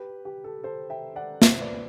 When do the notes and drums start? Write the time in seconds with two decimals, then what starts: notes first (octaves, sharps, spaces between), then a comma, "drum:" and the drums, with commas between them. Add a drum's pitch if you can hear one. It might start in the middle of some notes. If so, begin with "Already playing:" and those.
Already playing: G4 B4
0.25 G4
0.44 A4
0.63 A4 C5
0.90 E5 G5
1.16 D5 F#5
1.42 C5 E5, drum: snare
1.60 B4 D5